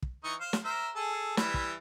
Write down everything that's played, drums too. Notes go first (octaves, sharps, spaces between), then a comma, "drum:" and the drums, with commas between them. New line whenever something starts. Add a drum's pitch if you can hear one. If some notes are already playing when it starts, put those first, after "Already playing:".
drum: kick
E3 D#4 C#6
C5 F5
drum: snare
A#4 C5 E5
G#4 A4
E3 G3 E4, drum: snare
drum: kick